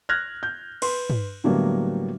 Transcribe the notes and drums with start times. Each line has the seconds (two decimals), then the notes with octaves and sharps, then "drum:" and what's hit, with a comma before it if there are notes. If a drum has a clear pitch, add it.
0.09 F6 F#6 G#6 A#6
0.43 G6
0.82 B4 C6, drum: cymbal
1.10 drum: tom
1.44 A2 D3 F#3 G3 A#3 B3